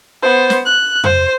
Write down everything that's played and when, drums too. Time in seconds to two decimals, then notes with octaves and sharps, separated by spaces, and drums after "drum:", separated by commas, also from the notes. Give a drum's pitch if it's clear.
0.22 B3 C5
0.50 drum: snare
0.65 F#6
1.04 C5, drum: tom